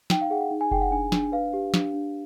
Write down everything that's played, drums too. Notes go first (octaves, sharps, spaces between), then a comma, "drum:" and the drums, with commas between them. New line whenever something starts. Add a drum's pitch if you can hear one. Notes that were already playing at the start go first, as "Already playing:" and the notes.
D#4 G5, drum: snare
F5
G#4 F#5
F#5
D#4
G#5
G#4 G5, drum: kick F#1
F#5
D4 G#5
D4, drum: snare
B4 F5
G4
D4, drum: snare
D4